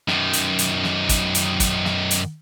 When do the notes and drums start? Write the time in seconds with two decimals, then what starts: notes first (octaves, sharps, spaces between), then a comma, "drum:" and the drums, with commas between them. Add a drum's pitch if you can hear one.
0.08 F#2 D#3, drum: snare
0.33 drum: hi-hat
0.59 drum: hi-hat
0.84 drum: snare
1.09 drum: kick, hi-hat
1.35 drum: hi-hat
1.60 drum: kick, hi-hat
1.85 drum: snare
2.11 drum: hi-hat